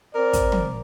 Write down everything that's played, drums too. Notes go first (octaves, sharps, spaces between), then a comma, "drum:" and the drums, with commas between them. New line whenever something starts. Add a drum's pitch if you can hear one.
C4 A#4 D5
drum: kick, hi-hat
drum: tom